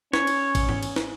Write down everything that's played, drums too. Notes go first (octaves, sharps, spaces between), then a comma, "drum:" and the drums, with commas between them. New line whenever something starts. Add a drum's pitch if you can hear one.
C#4 C#5, drum: snare
drum: cymbal
drum: kick G#1, cymbal
drum: tom G#2
drum: cymbal
drum: snare